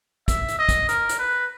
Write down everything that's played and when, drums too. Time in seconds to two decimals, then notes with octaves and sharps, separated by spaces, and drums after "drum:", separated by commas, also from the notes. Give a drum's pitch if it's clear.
0.28 E5, drum: kick, hi-hat
0.48 drum: hi-hat
0.59 D#5
0.69 drum: kick, hi-hat
0.89 A#4, drum: hi-hat
1.09 drum: hi-hat
1.19 B4